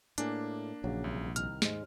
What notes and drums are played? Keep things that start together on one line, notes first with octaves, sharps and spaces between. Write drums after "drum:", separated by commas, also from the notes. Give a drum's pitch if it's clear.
A2 A#3 D4 G#4, drum: hi-hat
A#1 C#3 F#3
C2
C2 D#3 A#5 F6, drum: hi-hat
D#2 G#2 G#3, drum: snare